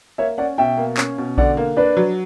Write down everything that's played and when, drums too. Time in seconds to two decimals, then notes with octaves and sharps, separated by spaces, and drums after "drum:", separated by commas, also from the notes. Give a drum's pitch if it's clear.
0.18 A#3 C#5 E5
0.38 C#4 D5 F#5
0.58 B2 E5 G5
0.77 A#3
0.97 C#4, drum: clap
1.18 B2
1.38 D3 D5 F#5, drum: kick A#1
1.57 A#3
1.77 D4 B4 D5
1.97 F#3